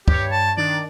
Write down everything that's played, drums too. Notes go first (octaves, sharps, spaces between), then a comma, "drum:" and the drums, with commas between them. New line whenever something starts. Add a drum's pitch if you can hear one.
G2 G4 C#5, drum: kick
A5
D#3 D4 D5